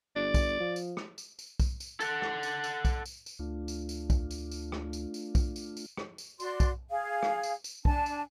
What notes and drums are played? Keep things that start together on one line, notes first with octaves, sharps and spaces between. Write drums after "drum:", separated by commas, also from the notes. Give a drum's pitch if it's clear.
G1 D5
drum: kick B1, tambourine
F3
drum: tambourine
drum: rim click
drum: tambourine
drum: tambourine
drum: kick B1, tambourine
drum: tambourine
A4 F#5, drum: tambourine
drum: rim click
drum: tambourine
drum: tambourine
drum: kick B1, tambourine
drum: tambourine
drum: tambourine
D2 A3 D4 F4
drum: tambourine
drum: tambourine
drum: kick B1, tambourine
drum: tambourine
drum: tambourine
drum: rim click
drum: tambourine
drum: tambourine
drum: kick B1, tambourine
drum: tambourine
drum: tambourine
drum: rim click
drum: tambourine
F#4 D5 C6, drum: tambourine
drum: kick B1, tambourine
G#4 F5
drum: rim click
drum: tambourine
drum: tambourine
D4 G#5 A5, drum: kick B1
drum: tambourine